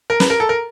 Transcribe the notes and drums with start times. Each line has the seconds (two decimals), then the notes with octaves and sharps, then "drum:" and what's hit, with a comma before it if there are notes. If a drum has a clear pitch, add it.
0.10 A#4
0.20 B4, drum: snare
0.30 A#4
0.40 A4
0.49 A#4